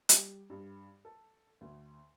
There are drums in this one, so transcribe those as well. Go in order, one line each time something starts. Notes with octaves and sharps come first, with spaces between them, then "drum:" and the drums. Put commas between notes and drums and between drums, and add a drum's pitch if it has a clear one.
G3, drum: hi-hat
G2
A4
D2